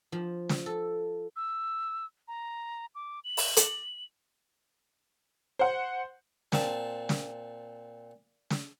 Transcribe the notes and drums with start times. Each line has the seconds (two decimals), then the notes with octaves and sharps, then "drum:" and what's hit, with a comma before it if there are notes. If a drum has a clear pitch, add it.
0.12 F3
0.49 drum: snare
0.66 A4
1.36 E6
2.28 A#5
2.95 D6
3.24 F#7
3.37 drum: open hi-hat
3.57 drum: hi-hat
5.59 C5 F#5
6.52 A#2 C4 A5, drum: snare
7.09 drum: snare
8.50 drum: snare